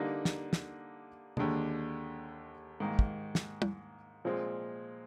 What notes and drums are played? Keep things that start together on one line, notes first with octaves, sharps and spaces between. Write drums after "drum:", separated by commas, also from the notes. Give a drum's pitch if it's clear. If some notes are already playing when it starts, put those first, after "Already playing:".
Already playing: D3 G3 A#3 D#4
drum: snare
drum: snare
D#2 D3 G#3 D4, drum: tom
G#2 D#3 A#3
drum: kick
drum: snare
drum: tom
A#2 F3 G#3 C4